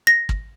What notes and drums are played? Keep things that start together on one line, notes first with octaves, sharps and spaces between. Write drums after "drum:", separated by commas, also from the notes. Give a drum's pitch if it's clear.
A#6
drum: kick